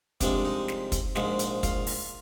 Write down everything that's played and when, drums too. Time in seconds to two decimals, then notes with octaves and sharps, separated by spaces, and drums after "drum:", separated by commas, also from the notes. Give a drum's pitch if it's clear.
0.21 C2 C3 F3 G#3 D4, drum: kick, hi-hat
0.45 D#4
0.68 drum: snare
0.92 drum: kick, hi-hat
1.15 A#1 G#2 F3 G#3, drum: snare
1.39 drum: hi-hat
1.63 F4, drum: kick, hi-hat
1.87 drum: open hi-hat